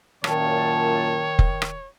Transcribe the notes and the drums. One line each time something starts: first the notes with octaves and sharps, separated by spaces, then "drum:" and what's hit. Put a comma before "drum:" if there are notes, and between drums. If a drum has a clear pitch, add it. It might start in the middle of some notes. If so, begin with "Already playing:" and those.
F#2 A#2 D#3 C#5 A5, drum: rim click
drum: kick F1
drum: rim click